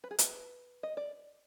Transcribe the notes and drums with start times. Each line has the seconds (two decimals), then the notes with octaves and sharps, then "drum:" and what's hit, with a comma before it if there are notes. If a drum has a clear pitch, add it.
0.04 B4
0.11 G#4
0.19 B4, drum: hi-hat
0.83 D#5
0.97 D5